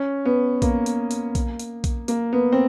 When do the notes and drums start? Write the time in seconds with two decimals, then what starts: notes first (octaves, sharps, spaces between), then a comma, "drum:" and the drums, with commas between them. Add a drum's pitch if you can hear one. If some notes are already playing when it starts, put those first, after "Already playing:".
Already playing: C#4
0.25 B3
0.62 A#3, drum: kick A#1, hi-hat
0.86 drum: hi-hat
1.11 drum: hi-hat
1.35 drum: kick A#1, hi-hat
1.59 drum: hi-hat
1.84 drum: kick A#1, hi-hat
2.08 A#3, drum: hi-hat
2.33 B3
2.52 C4